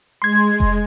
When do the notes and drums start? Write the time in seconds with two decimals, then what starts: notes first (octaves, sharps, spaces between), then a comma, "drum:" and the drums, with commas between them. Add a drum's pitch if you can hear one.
0.22 G#3 C6 G#6
0.60 drum: kick F1